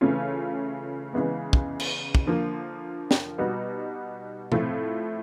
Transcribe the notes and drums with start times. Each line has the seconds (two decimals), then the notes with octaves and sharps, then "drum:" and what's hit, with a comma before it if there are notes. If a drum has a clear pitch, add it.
0.01 C#3 E3 A3 C#4 F4
1.13 C#3 E3 G#3 B3
1.53 drum: kick
1.80 drum: cymbal
2.15 drum: kick
2.27 D3 F3 A#3
3.11 drum: snare
3.38 B2 G3 B3 D#4 F#4
4.52 A2 F3 A3 C4 F4, drum: tom B2